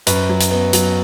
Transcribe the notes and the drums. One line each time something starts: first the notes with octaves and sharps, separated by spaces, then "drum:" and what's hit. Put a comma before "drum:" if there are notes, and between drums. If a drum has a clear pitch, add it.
F#2 B4, drum: hi-hat
F#3
drum: hi-hat
B3
F#3, drum: hi-hat